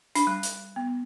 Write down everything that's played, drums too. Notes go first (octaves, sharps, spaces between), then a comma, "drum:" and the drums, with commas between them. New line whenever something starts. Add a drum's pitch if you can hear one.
D4, drum: hi-hat
G3
drum: hi-hat
B3